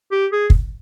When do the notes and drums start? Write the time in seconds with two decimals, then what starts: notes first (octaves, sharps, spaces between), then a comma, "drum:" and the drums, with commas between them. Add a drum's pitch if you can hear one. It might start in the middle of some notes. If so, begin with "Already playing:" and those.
0.11 G4
0.32 G#4
0.50 drum: kick